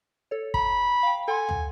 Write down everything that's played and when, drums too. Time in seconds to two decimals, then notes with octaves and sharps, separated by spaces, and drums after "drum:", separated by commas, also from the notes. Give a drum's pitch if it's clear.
0.31 A4 C#5
0.54 A#5 B5, drum: kick
1.03 F5 G5
1.28 A4 F#5 G#5 C6
1.49 drum: tom